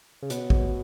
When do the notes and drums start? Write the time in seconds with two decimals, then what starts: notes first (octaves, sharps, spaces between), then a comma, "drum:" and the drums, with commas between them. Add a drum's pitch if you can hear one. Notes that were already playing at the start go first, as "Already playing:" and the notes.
0.23 C#3
0.30 B2 B3 F#4 C#5 F#5, drum: hi-hat
0.50 drum: kick